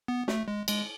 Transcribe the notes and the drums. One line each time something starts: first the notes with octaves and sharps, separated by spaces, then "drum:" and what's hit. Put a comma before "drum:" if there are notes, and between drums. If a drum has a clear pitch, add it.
B3
A3, drum: snare
G#3
G#3, drum: cymbal